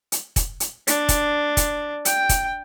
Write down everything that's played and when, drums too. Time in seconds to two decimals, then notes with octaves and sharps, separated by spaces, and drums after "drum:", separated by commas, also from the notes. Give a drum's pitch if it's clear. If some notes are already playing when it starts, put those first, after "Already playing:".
0.12 drum: hi-hat
0.36 drum: kick, hi-hat
0.60 drum: hi-hat
0.87 D4, drum: hi-hat
1.09 drum: kick, hi-hat
1.57 drum: kick, hi-hat
2.05 G5, drum: hi-hat
2.29 drum: kick, hi-hat